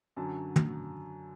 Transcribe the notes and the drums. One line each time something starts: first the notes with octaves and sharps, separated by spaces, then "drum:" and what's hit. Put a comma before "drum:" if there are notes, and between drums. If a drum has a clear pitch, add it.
F#2 D3 F#3 A5
drum: tom